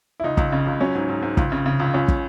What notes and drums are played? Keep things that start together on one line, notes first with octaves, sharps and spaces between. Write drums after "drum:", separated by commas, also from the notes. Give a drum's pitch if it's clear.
E4
C#2 D#4
C#2, drum: kick
C#3
C#2
F#3 C#4
G#2
G#2
G#2
C#2, drum: kick
C#3
C#3
C#2
C#2 C#4
drum: kick